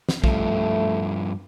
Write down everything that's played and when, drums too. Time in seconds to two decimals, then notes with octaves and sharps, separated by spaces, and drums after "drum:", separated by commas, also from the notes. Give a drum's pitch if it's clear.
0.09 drum: snare
0.24 G2 F3 A3, drum: kick A#1